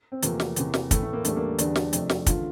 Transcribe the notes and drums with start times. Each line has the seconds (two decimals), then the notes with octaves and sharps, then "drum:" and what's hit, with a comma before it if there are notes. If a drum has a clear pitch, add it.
0.12 C4
0.22 E2 C3 F3 A3 A#3, drum: hi-hat
0.40 drum: snare
0.56 E2 C3 E3, drum: hi-hat
0.74 drum: snare
0.91 A2 E3 A3, drum: kick, hi-hat
1.02 A3
1.13 A#3
1.25 E2 D3 G3 A3, drum: hi-hat
1.36 A#3
1.58 E2 D3 G3 D4, drum: hi-hat
1.76 drum: snare
1.93 F2 C3 F3 A3, drum: hi-hat
2.09 drum: snare
2.26 E2 D3 A3 F4, drum: kick, hi-hat